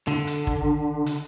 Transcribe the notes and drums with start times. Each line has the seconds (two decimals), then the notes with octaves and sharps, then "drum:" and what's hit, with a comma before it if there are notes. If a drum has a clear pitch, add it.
0.07 D3
0.27 drum: hi-hat
0.47 drum: kick
1.06 drum: hi-hat